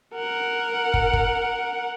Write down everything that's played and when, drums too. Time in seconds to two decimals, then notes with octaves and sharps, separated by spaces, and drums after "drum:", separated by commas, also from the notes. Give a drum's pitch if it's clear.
0.15 A#4 F#5
0.94 drum: kick
1.13 drum: kick